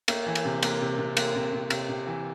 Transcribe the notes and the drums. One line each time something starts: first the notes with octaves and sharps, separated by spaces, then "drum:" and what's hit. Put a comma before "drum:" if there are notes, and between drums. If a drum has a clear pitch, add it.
A#3, drum: cymbal
E3
drum: cymbal
C3
A#3, drum: cymbal
C3
C3
A#3, drum: cymbal
C3
C3
C3, drum: cymbal
C3
E3